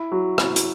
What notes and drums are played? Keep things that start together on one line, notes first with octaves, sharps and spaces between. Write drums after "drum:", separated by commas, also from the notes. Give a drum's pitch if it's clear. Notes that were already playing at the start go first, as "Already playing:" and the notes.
Already playing: E4
F#3
E4, drum: rim click
drum: hi-hat